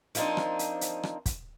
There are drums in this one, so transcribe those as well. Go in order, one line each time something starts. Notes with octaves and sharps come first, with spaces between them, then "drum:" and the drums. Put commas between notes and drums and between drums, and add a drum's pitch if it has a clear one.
F3 A#3 C4 D4 D#4, drum: hi-hat
drum: rim click
drum: hi-hat
drum: hi-hat
drum: rim click
drum: kick, hi-hat